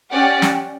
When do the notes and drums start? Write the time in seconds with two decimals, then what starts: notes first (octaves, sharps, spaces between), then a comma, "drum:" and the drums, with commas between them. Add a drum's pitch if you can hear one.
0.12 C#4 G4 D5 F#5
0.42 drum: snare